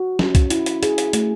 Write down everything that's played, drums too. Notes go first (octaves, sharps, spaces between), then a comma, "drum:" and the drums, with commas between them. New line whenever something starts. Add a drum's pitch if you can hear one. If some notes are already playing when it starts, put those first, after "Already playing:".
Already playing: F#4
C#4, drum: snare
drum: kick C2, hi-hat
E4, drum: hi-hat
drum: hi-hat
G#4, drum: hi-hat
drum: hi-hat
A3, drum: hi-hat